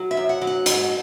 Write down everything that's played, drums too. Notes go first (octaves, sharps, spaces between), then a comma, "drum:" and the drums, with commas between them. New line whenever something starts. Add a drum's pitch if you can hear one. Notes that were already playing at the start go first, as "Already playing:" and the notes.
Already playing: F#3
E5
F#2
F#5
F#3
F#5
G#2, drum: hi-hat